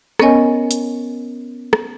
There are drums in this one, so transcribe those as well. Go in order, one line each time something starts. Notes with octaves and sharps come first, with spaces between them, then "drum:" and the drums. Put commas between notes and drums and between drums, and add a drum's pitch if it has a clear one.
B3 C#4 A#4 C#5 D#5 G#5, drum: rim click
drum: hi-hat
drum: rim click